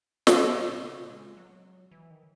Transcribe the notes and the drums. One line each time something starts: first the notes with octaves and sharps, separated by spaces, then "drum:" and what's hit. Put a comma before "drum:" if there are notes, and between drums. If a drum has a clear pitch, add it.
E3, drum: snare
F#3
A#2
A#2
C#3
G#3
F#3
E3
D#3